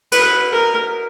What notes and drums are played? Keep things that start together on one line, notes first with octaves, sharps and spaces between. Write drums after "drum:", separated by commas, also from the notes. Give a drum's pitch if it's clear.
B4, drum: cymbal
A#4